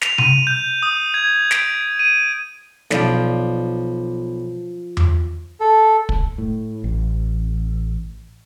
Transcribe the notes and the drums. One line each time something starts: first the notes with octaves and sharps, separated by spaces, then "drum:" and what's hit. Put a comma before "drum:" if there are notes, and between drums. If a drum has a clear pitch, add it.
F7, drum: snare
D#7, drum: tom C3
G6
D#6
G#6
D7, drum: snare
D#7
B1 F3 D5, drum: snare
drum: tom E2
A4
drum: kick
A2
A1